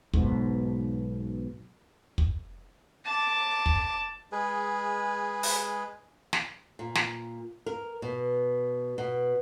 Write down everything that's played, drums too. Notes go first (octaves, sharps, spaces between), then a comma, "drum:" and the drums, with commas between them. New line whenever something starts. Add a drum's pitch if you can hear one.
B1 G#2 B2, drum: kick
drum: kick
A5 D6
drum: kick
G#3 G#4 B4
drum: open hi-hat
drum: snare
A#2
drum: snare
A#4
B2
B2